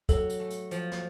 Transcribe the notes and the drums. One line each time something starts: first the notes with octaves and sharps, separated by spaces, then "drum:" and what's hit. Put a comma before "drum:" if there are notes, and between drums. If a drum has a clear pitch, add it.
F#3 A4, drum: kick, hi-hat
drum: hi-hat
A3
drum: hi-hat
F3, drum: hi-hat
drum: snare